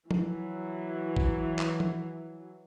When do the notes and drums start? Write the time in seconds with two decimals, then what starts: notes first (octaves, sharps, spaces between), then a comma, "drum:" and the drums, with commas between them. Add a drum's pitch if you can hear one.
0.11 E3 F#3, drum: tom
1.16 drum: kick
1.59 drum: clap
1.80 drum: tom